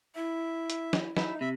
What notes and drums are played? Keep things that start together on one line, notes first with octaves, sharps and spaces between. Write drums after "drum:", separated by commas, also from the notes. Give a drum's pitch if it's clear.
E4 E5
drum: hi-hat
drum: snare
D#4 E4, drum: snare
C3 E5 B5